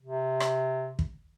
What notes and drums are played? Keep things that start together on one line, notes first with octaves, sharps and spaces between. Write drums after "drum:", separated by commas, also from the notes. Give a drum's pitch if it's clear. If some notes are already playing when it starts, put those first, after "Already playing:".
C3
drum: rim click
drum: kick